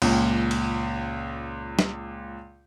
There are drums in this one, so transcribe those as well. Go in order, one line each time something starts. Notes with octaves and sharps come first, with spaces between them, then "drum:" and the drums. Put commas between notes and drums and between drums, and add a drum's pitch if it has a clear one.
C#2 A#2, drum: cymbal
drum: cymbal
drum: snare